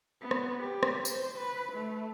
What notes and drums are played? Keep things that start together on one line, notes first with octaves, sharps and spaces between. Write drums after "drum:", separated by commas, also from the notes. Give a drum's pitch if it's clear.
B3
drum: rim click
G4
drum: rim click
C5, drum: tambourine
B4
A3